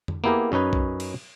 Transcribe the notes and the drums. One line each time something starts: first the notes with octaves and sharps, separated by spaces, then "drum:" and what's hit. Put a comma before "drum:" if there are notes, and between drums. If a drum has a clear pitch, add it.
drum: tom F2
A#3 B3 E4 G4 G#4 A#4
F#2 C#4 D#4 B4 G#5
drum: kick B1
drum: cymbal